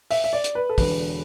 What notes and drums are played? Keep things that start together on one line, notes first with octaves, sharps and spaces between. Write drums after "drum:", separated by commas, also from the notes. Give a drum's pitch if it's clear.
E5, drum: open hi-hat
E5
D5
drum: hi-hat
B4
A4
E1 E2 D3 B4, drum: kick, open hi-hat